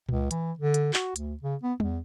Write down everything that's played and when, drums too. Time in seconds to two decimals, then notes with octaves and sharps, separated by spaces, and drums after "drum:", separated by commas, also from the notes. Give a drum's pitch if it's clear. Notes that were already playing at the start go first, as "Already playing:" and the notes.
0.09 C#2, drum: tom A#2
0.31 E3, drum: hi-hat
0.59 D3
0.74 drum: hi-hat
0.93 F#4, drum: clap
1.16 D2, drum: hi-hat
1.43 C#3
1.63 B3
1.80 E2, drum: tom